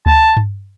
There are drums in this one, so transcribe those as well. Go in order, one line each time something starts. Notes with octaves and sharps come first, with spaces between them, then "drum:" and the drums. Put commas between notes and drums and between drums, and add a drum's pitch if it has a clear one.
A5, drum: kick D2
drum: tom G2